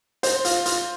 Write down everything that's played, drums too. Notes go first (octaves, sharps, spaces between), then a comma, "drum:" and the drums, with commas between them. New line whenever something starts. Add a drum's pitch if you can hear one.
C5, drum: hi-hat
F4, drum: hi-hat
F4, drum: hi-hat